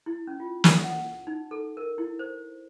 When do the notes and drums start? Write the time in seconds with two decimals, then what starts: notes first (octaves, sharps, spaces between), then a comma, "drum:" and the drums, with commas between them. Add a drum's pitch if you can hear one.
0.06 E4
0.27 C#4
0.40 F4
0.64 drum: snare
0.84 F#5
1.27 D#4
1.51 A4
1.77 A#4
1.98 E4
2.19 C5